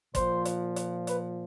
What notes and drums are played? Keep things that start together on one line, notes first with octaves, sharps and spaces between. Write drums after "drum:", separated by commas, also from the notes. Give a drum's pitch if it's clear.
A#2 F3 C5, drum: kick, hi-hat
drum: hi-hat
drum: hi-hat
B4, drum: hi-hat